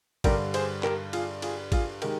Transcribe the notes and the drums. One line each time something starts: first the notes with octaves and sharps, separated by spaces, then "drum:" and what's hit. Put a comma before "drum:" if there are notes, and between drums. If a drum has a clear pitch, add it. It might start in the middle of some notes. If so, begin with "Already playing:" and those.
G2 D3 G3 G4 A#4, drum: kick, cymbal
G#4 C5, drum: cymbal
G4 A#4, drum: clap
F4 G#4, drum: cymbal
F4 G#4, drum: cymbal
F4 G#4, drum: kick, cymbal
D#3 G#3 G4 A#4, drum: cymbal